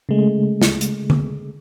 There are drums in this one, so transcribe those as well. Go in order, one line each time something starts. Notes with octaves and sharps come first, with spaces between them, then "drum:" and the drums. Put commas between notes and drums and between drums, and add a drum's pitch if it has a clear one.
C#3 G#3 A3
drum: snare
drum: hi-hat
drum: tom D3